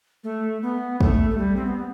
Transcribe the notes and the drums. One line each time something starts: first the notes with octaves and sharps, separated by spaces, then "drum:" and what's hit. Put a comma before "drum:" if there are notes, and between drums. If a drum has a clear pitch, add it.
A3
B3
A3, drum: kick
A3
G3
C4
B3
B3